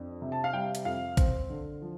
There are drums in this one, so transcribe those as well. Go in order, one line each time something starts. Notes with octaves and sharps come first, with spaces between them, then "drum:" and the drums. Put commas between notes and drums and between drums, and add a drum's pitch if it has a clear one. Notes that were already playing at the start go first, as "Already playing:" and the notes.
Already playing: F2 D4
C3
A5
F5
G3 G5
drum: hi-hat
F2 F5
C4, drum: kick A1, hi-hat
D3
F3